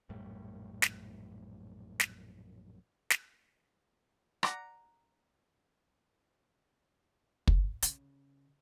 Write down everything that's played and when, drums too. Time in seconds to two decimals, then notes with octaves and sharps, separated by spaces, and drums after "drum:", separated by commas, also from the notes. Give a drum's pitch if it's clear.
0.09 A#1 F#2 A2 G3
0.82 drum: snare
2.00 drum: snare
3.10 drum: snare
4.43 D5 F#5 A#5, drum: rim click
7.47 drum: kick
7.83 C#3, drum: hi-hat